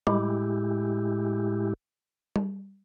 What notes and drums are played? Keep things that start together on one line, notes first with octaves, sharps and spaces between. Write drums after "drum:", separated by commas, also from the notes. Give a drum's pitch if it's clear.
A2 G#3 E4 G4, drum: tom G3
drum: tom G3